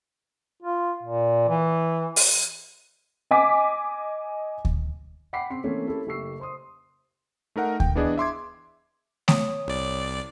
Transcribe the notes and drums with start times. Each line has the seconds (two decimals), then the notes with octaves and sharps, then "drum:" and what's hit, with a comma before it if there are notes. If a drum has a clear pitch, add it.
0.62 F4
1.03 A#2
1.48 E3
2.16 drum: open hi-hat
3.31 D#5 G#5 D6 B6
4.65 drum: kick D2
5.33 F#5 G5 B5 D6 B6 C7
5.50 C#3 C4 C6 C7
5.64 E3 A3 A#3 C4 C#4
5.87 A#3 C#4 E4 G4 A4
6.07 F#1 A3 G4 C#6 E6 C7
6.40 C5 C6 D#6
7.56 A3 D#4 A#4 F#5
7.80 G5, drum: kick D2
7.95 E3 B3 D4 G#4 D5 D#5
8.18 E5 C6 D6 G#6
9.28 C#5 D#6, drum: snare A3
9.67 C2 D5